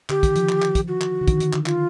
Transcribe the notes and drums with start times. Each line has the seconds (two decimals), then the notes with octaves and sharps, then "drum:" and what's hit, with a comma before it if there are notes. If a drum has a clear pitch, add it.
0.09 D3 G4, drum: clap
0.23 D#3, drum: kick, hi-hat
0.36 F3, drum: hi-hat
0.49 drum: clap
0.62 drum: clap
0.75 drum: kick, hi-hat
0.88 F#4
1.01 drum: clap
1.21 D3
1.28 D#3, drum: kick, hi-hat
1.40 D#3, drum: hi-hat
1.53 D3, drum: clap
1.66 F4, drum: clap